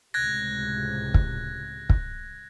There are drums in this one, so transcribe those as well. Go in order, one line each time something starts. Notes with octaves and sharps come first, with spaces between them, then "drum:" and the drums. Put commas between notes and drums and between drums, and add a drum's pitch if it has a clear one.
C#2 A2 C3 F#6 G#6 A#6
drum: kick
drum: kick